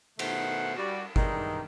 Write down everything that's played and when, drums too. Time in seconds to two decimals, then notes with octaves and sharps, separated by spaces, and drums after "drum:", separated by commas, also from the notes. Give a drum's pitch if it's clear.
0.19 B2 D#3 A3 C5 F#5, drum: cymbal
0.76 G3 F#4 D5
1.16 D#3 E3 G3 G#3 D4 D#4, drum: kick G1